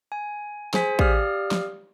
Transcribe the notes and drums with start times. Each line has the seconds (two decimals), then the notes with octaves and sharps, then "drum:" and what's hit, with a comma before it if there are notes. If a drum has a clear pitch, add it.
0.12 G#5
0.74 G#4 C5 G#5 B6, drum: snare
0.99 G4 D5 F5 D#6 F6, drum: kick
1.51 drum: snare